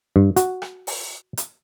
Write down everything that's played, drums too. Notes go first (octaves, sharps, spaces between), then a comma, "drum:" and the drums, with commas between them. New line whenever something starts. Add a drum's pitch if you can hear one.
G2
F#4, drum: hi-hat
drum: rim click
drum: open hi-hat
drum: hi-hat